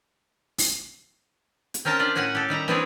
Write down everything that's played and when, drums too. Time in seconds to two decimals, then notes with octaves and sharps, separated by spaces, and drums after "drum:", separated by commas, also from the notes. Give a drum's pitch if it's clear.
0.58 drum: open hi-hat
1.74 drum: hi-hat
1.85 C4 C#4 A#4 G5 A5 A#5
1.99 D4 F4 G4 D5
2.15 A2 C#4 F#4 F#5 G#5
2.35 G4 A4
2.49 D#3 G3 E5 A#5
2.68 E3 C4 D4 E4 G#4 C#5, drum: snare